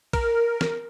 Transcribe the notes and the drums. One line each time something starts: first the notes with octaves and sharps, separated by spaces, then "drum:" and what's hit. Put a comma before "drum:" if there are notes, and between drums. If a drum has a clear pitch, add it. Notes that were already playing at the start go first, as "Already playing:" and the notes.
A#4, drum: kick A#1, cymbal
drum: snare